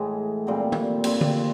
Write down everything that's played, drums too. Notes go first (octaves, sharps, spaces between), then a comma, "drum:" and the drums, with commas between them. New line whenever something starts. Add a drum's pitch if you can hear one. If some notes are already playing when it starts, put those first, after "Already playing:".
Already playing: A2 E3 G#3
A#2 G3 C4
drum: tom
A#2 G3 C4, drum: cymbal
drum: tom D3